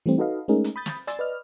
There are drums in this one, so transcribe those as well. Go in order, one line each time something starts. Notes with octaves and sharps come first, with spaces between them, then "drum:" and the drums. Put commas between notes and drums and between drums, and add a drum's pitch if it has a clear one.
E3 G3 A3 C4
D#4 F#4 A4 B4 D#5 F5
G#3 A3 C#4 D#4 G#4 A#4
drum: hi-hat
B5 D#6 G6 A6
drum: snare
D5 G#5 C6 E6 A6, drum: hi-hat
B4 D5 D#5 F6